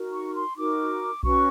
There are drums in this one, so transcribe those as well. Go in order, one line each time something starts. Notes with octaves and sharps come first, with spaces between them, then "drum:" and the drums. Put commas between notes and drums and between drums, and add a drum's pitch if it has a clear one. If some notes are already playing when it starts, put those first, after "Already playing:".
Already playing: D#4 F#4 A#4
C#6
C6
D#4 F#4 A#4 D6
C#4 F#4 B4 C#6, drum: kick B1